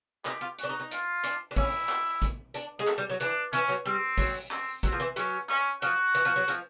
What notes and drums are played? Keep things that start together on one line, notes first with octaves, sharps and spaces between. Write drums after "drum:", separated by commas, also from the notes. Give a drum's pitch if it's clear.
D#4 G4, drum: clap
F4
F#4, drum: hi-hat
D4
D#4
D#4
F4, drum: hi-hat
D4, drum: hi-hat
D4
C#4 E4, drum: kick, open hi-hat
drum: clap
drum: kick, hi-hat
D4, drum: hi-hat
G#3
A3, drum: clap
G3
F#3
E3 D4, drum: hi-hat
E3 C#4, drum: hi-hat
F#3
G3 C4
F#3, drum: kick, open hi-hat
C4, drum: clap
F#3 C4, drum: kick, hi-hat
F3
E3
F#3 C#4, drum: hi-hat
C#4, drum: clap
F3 F#4, drum: hi-hat
E3, drum: hi-hat
F3
F#3
F3, drum: hi-hat